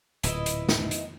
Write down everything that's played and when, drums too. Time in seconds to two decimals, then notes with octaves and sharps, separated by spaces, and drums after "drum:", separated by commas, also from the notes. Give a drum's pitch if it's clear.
0.24 D1 A#2 E4 B4 D#5, drum: hi-hat
0.46 drum: hi-hat
0.69 drum: snare
0.91 drum: hi-hat